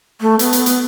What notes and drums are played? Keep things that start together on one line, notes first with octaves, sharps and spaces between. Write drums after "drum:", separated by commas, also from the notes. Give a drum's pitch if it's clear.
A3
B3, drum: hi-hat
drum: hi-hat
drum: hi-hat